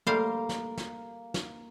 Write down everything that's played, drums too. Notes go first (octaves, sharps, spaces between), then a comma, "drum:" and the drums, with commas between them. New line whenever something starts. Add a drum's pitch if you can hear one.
G3 A3 A#3 C5 F5
drum: snare
drum: snare
drum: snare